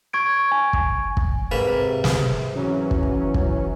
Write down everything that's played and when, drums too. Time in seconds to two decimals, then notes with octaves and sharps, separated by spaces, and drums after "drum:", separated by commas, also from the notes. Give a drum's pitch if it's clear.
0.13 C#6 G#6 D7
0.52 G#5
0.73 drum: kick
1.17 drum: kick
1.52 G#2 C3 A#3 B4
2.04 drum: snare
2.54 E3 F#3 C#4
2.91 drum: kick
3.34 drum: kick